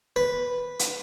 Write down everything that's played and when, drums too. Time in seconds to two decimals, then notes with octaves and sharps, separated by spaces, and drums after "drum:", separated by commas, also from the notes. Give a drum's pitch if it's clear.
0.16 B4
0.79 drum: hi-hat